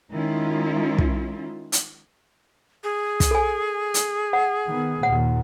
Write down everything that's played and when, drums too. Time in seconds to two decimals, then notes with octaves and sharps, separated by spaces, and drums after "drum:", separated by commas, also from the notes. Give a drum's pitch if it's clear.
0.12 D#3 G#3 C#4 E4 F4
0.98 drum: kick
1.72 drum: hi-hat
2.84 G#4
3.20 drum: kick, hi-hat
3.31 A4 G#5
3.94 drum: hi-hat
4.33 F#5
4.68 D#3 B3
5.03 D#2 A#2 F#5